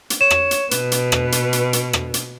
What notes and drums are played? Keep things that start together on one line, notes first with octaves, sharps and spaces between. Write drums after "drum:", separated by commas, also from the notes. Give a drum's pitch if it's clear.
drum: hi-hat
C#5 E7
drum: rim click
drum: hi-hat
B2 B4, drum: hi-hat
drum: hi-hat
drum: rim click
drum: hi-hat
drum: hi-hat
drum: hi-hat
drum: rim click
drum: hi-hat